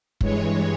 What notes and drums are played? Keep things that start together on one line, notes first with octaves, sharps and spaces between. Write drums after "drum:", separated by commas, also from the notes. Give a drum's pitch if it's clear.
G2 E3 G#3 C#5, drum: kick